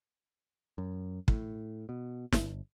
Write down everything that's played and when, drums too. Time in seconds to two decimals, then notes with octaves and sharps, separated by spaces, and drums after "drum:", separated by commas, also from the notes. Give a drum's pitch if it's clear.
0.78 F#2
1.28 A2, drum: kick
1.89 B2
2.32 G1, drum: snare